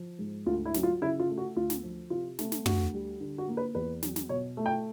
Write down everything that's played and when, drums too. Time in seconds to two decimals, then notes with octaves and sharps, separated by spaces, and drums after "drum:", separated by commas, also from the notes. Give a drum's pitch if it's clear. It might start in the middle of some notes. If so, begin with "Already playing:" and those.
Already playing: F3
0.19 G#2
0.46 D2 F4
0.65 E4
0.74 F#3, drum: snare
0.83 F4
1.02 C#3 E4
1.20 F4
1.29 A3
1.38 F#4
1.56 D2 F4
1.70 drum: snare
1.83 F3
2.10 C3 F4
2.39 A3, drum: snare
2.52 drum: snare
2.66 D2 F#4, drum: tom
2.93 G3
3.20 D3
3.38 F#4
3.48 A#3
3.57 B4
3.75 E2 B4
4.03 F#3, drum: snare
4.16 drum: snare
4.29 B2 C#5
4.57 A3
4.66 G5